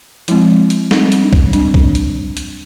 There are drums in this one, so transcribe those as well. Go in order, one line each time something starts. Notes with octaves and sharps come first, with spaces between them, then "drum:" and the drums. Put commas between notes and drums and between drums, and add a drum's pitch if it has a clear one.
F3 G#3 C4 E4, drum: hi-hat
drum: hi-hat
G3 C4 D#4, drum: snare
drum: hi-hat
D4
drum: kick
G3 C4 D4, drum: hi-hat
drum: kick
drum: hi-hat
drum: hi-hat